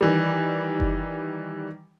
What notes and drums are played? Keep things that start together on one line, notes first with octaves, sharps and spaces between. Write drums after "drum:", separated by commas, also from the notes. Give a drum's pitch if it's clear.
D#3 E3 G3
drum: kick F#1